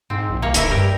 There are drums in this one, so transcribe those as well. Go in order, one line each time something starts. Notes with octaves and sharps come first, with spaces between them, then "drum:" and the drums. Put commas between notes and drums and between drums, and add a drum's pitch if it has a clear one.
G#2 C4
A#1
C2 A#3 C#5
D1 C#4 E4 A#4, drum: hi-hat
G2 G4 A#4